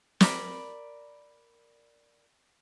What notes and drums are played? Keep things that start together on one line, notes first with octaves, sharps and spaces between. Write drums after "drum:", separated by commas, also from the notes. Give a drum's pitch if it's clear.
A#4 D5 B5, drum: snare